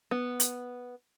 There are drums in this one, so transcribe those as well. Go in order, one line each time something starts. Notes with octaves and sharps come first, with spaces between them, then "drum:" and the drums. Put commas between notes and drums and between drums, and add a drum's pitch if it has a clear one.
B3
drum: hi-hat